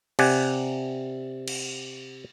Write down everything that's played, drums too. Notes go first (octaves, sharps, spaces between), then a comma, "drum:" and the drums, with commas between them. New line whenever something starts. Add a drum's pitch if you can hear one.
C3 D5 F#5 G#5, drum: cymbal
drum: cymbal